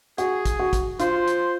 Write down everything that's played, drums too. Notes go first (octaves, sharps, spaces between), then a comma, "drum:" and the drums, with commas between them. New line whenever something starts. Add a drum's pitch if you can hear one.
F#4 G#4, drum: hi-hat
drum: kick, hi-hat
F#4
drum: kick, hi-hat
F4 C5, drum: hi-hat
drum: hi-hat